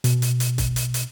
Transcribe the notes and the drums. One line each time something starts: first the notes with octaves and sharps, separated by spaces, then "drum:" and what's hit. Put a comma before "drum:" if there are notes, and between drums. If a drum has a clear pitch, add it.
B2, drum: hi-hat
drum: hi-hat
drum: hi-hat
drum: kick, hi-hat
drum: hi-hat
drum: hi-hat